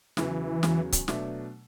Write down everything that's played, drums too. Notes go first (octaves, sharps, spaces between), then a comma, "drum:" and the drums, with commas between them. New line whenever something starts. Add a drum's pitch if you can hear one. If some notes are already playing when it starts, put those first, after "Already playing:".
E2 C#3 E3 F#3, drum: snare
E2 C#3 F#3, drum: snare
drum: kick C#1, hi-hat
B2 F#3 A3 D4, drum: snare